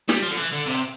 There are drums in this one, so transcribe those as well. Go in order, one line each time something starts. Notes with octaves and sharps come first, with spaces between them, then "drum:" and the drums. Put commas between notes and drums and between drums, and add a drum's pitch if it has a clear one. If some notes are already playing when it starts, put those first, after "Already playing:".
G3, drum: snare
F3
D3
E3
D3
C3, drum: open hi-hat